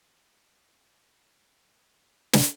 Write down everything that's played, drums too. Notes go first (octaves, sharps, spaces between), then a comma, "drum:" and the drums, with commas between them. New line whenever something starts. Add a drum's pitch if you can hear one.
B3 E5 G5
drum: snare